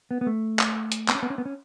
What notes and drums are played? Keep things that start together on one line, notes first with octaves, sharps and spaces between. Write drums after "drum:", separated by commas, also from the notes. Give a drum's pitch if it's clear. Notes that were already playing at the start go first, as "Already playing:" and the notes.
B3
B3
A3
drum: clap
drum: hi-hat
B3, drum: clap
C#4
B3
C#4
B3
C#4